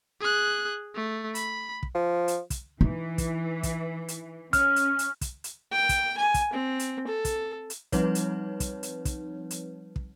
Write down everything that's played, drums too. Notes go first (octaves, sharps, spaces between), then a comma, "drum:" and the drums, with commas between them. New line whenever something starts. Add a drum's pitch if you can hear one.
G#4 F#6
A3
B5, drum: hi-hat
drum: kick
F3
drum: hi-hat
drum: kick, hi-hat
E3 D#4
drum: kick, hi-hat
drum: kick, hi-hat
drum: hi-hat
C#4 F6, drum: kick, hi-hat
drum: hi-hat
drum: hi-hat
drum: kick, hi-hat
drum: hi-hat
G5
drum: kick, hi-hat
G#5
drum: kick, hi-hat
C4
drum: hi-hat
A4
drum: kick, hi-hat
drum: hi-hat
F3 G3 C4 D#4 B4 C#5, drum: kick, hi-hat
drum: hi-hat
drum: kick, hi-hat
drum: hi-hat
drum: kick, hi-hat
drum: hi-hat
drum: kick